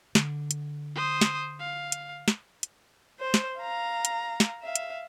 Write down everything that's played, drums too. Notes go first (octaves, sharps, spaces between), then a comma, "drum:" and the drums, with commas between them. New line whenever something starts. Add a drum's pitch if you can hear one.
D3, drum: snare
drum: hi-hat
C5 D#6
drum: snare
F5
drum: hi-hat
drum: snare
drum: hi-hat
C5
drum: snare
F5 A#5
drum: hi-hat
drum: snare
E5 F5
drum: hi-hat